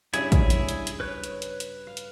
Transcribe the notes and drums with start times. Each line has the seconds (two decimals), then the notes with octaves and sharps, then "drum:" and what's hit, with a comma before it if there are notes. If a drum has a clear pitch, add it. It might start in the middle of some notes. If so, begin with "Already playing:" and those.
0.14 G2 C#3 E4 G#4 D5 G#5, drum: hi-hat
0.32 drum: kick, hi-hat
0.50 drum: hi-hat
0.69 drum: hi-hat
0.87 drum: hi-hat
1.00 B4 C#5 F#6
1.24 drum: hi-hat
1.42 drum: hi-hat
1.60 drum: hi-hat
1.87 F5
1.97 drum: hi-hat